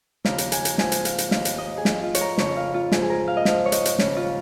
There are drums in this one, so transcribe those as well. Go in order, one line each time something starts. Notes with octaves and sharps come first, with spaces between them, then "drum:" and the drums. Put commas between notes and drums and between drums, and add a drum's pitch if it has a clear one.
D#2 C#3 F3 F5, drum: snare
drum: hi-hat
G#5, drum: hi-hat
drum: hi-hat
G#2 F3 G#5, drum: snare
drum: hi-hat
F5, drum: hi-hat
drum: hi-hat
D#2 D#3 F5, drum: snare
drum: hi-hat
D#5
G#4
F2 F3 F4, drum: snare
F4
C#5, drum: hi-hat
A#4
F2 C#3 F3 C#5, drum: snare
F5
F4
G#2 F3 G#4, drum: snare
G#4
A#4
F5
D#5
G#2 F3 F5, drum: snare
C#5
D#5, drum: hi-hat
drum: hi-hat
D#2 C#3 F3 C#4, drum: snare
F4